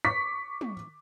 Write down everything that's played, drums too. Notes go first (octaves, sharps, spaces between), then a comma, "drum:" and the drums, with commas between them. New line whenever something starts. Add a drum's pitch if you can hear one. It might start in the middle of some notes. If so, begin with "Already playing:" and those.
C#6 D6 B6
drum: tom